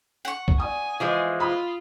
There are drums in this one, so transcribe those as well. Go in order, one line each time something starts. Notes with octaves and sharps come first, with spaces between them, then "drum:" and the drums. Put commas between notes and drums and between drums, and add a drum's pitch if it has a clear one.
F#5 C#6
drum: kick
D5 G#5 D#6
E3 F3 G#3
F4 B5 D#6